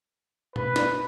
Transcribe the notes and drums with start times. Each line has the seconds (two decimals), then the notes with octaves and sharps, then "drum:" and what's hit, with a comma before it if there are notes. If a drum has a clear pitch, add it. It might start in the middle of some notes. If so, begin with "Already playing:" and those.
0.56 B4, drum: tom B2
0.76 drum: snare